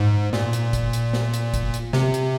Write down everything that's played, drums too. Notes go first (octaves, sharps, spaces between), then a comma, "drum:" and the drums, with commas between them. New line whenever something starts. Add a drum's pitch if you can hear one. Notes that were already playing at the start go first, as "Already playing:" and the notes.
Already playing: G#2
A#2, drum: snare
drum: hi-hat
drum: kick, hi-hat
drum: hi-hat
drum: snare
drum: hi-hat
drum: kick, hi-hat
drum: hi-hat
C3, drum: snare
drum: hi-hat